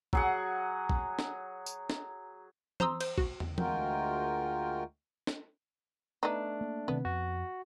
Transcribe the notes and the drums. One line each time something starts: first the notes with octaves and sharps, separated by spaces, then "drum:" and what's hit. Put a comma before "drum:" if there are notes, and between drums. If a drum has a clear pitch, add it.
F#3 G#4 F#5, drum: kick
drum: kick
drum: snare
drum: tambourine
drum: snare
C5 A#5 C6 D#6 E6, drum: tom
C5, drum: cymbal
F#4, drum: kick
drum: tom
D2 G#3 F4 F#4 A#4 G5, drum: tom
drum: snare
A3 B3 D4 D#4
A#3
C3 D#3 B3 C4
F2 F#4